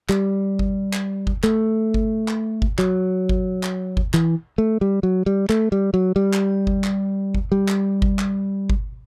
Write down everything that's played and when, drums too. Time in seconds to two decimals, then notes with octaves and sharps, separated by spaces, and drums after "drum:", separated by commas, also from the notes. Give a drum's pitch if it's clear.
0.09 G3, drum: clap
0.59 drum: kick G1
0.93 drum: clap
1.27 drum: kick G1
1.43 A3, drum: clap
1.94 drum: kick G1
2.28 drum: clap
2.62 drum: kick G1
2.78 F#3, drum: clap
3.29 drum: kick G1
3.63 drum: clap
3.97 drum: kick G1
4.14 E3, drum: clap
4.58 A3
4.81 G3
5.03 F#3
5.26 G3
5.49 A3, drum: clap
5.72 G3
5.94 F#3
6.16 G3
6.33 drum: clap
6.67 drum: kick G1
6.84 drum: clap
7.35 drum: kick G1
7.52 G3
7.68 drum: clap
8.02 drum: kick G1
8.19 drum: clap
8.70 drum: kick G1